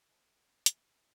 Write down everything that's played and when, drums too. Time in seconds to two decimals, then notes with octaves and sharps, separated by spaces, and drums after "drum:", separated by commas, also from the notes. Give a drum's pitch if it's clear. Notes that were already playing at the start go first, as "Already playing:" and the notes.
0.09 G#3 C4 E4 A4 E5 G#5
0.38 D#5 F#5
0.66 E5 G#5, drum: hi-hat
0.95 E5 G#5